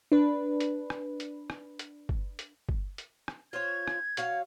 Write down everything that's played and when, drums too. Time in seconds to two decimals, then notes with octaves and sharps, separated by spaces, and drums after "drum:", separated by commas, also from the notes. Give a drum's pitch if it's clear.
0.12 D4 B4
0.60 drum: hi-hat
0.90 drum: rim click
1.20 drum: hi-hat
1.50 drum: rim click
1.79 drum: hi-hat
2.09 drum: kick G1
2.39 drum: hi-hat
2.69 drum: kick G1
2.98 drum: hi-hat
3.28 drum: rim click
3.53 F4 C5 C#5 G#6
3.88 drum: rim click
4.17 F#3 C#5 F5, drum: hi-hat